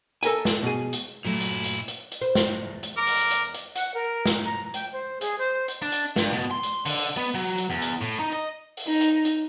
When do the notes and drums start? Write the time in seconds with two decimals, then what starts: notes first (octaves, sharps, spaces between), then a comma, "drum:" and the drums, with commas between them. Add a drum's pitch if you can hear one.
0.23 A4 A#4 E5 G#5, drum: hi-hat
0.45 drum: snare
0.62 B2 G#4
0.93 drum: hi-hat
1.25 A#2 F#3 A3 E4
1.40 drum: hi-hat
1.64 drum: hi-hat
1.88 drum: hi-hat
2.12 drum: hi-hat
2.22 C5
2.35 drum: snare
2.65 E2
2.83 drum: hi-hat
2.97 A#4 D6
3.07 drum: open hi-hat
3.30 drum: hi-hat
3.54 drum: hi-hat
3.75 F#5, drum: hi-hat
3.94 A#4
4.26 drum: snare
4.45 A#5
4.74 G5, drum: hi-hat
4.93 C5
5.21 G#4, drum: hi-hat
5.39 C5
5.68 drum: hi-hat
5.82 D4
5.92 drum: hi-hat
6.16 G2, drum: snare
6.33 B2
6.51 C6
6.63 drum: hi-hat
6.85 D3, drum: open hi-hat
7.17 B3
7.34 F#3
7.58 drum: hi-hat
7.70 E2
7.82 drum: hi-hat
8.01 A2
8.19 D#4
8.33 D#5
8.77 drum: open hi-hat
8.88 D#4
9.01 drum: hi-hat
9.25 drum: hi-hat